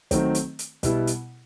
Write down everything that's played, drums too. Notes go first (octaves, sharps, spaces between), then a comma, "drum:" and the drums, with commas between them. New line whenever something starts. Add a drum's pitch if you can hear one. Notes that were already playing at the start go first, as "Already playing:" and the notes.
D#3 F#3 A3 C4, drum: kick, hi-hat
drum: hi-hat
drum: hi-hat
B2 G3 B3 E4, drum: kick, hi-hat
drum: hi-hat